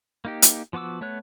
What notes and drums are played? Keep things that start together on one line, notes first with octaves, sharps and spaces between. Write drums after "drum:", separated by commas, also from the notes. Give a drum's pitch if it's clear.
A#3 D#4 G4
drum: hi-hat
F3 B3 F#4 D6 E6
A3 B3 C#5 F#6